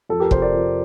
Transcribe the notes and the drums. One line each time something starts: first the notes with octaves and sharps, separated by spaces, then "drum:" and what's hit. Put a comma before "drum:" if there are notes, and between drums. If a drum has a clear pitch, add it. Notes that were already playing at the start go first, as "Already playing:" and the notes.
F2 A4
G4 A#4
C3 A4 C5, drum: kick
A#4 D5
F2